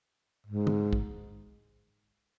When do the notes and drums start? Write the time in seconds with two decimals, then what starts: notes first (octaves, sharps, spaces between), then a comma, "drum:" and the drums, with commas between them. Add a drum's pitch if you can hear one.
0.46 G#2
0.67 drum: tom
0.93 drum: kick